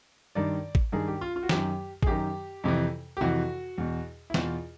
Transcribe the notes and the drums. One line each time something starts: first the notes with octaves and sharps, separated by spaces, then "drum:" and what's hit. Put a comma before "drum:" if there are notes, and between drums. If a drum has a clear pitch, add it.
G2 D#3 D5
drum: kick
G2 D#3 G#4
G4
F4
F4
F#4
F#2 D#3 G4, drum: snare
G#4, drum: kick
F#2 D#3 G4
F2 C3 E3
G4
F2 C3 E3 F#4
E2 B2
E4
E2 B2 F4, drum: snare